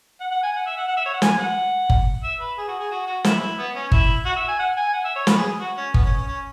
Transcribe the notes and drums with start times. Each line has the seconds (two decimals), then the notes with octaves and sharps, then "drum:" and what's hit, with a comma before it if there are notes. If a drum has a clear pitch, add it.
0.20 F#5
0.32 F#5
0.43 G#5
0.55 F#5
0.66 E5
0.77 F#5
0.88 F#5
0.97 E5
1.06 C#5
1.13 F#5
1.22 G#5, drum: snare
1.38 F#5
1.90 drum: kick G1
2.23 E5
2.40 B4
2.58 G#4
2.68 F#4
2.79 G#4
2.91 F#4
3.07 F#4
3.24 E4, drum: snare
3.42 E4
3.58 B3
3.75 C#4
3.92 E4, drum: kick G1
4.25 F#4
4.36 E5
4.48 G#5
4.59 F#5
4.77 G#5
4.93 F#5
5.04 E5
5.16 C#5
5.27 B4, drum: snare
5.38 G#4
5.60 F#4
5.77 C#4
5.94 B3, drum: kick G1
6.05 C#4
6.16 C#4
6.27 C#4